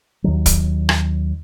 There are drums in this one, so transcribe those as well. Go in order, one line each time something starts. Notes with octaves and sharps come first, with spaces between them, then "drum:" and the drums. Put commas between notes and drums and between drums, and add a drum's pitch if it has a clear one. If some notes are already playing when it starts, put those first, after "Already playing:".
D#2 D#3 F#3
drum: kick, hi-hat
drum: rim click